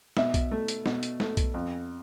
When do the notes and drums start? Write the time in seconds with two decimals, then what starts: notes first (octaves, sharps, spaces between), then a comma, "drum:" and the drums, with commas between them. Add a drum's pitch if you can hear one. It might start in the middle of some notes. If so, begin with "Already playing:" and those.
0.17 B2 E5, drum: snare
0.34 drum: kick B1, hi-hat
0.52 A3
0.68 drum: hi-hat
0.86 B2, drum: snare
1.03 drum: hi-hat
1.20 A3, drum: snare
1.37 drum: kick B1, hi-hat
1.54 F2